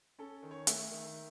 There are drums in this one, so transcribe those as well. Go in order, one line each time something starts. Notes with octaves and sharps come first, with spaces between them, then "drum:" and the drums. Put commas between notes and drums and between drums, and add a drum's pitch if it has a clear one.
C#4 A4
D#3
C#5
A3 E5, drum: hi-hat
D#3